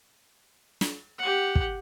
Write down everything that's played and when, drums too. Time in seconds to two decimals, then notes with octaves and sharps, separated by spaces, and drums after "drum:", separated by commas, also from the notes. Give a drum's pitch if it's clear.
0.81 drum: snare
1.18 G4 F#5
1.55 drum: kick